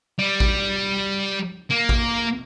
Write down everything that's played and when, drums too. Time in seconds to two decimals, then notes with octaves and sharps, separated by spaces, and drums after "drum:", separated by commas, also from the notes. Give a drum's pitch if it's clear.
0.19 G3
0.40 drum: kick A1
1.71 A#3
1.89 drum: kick A1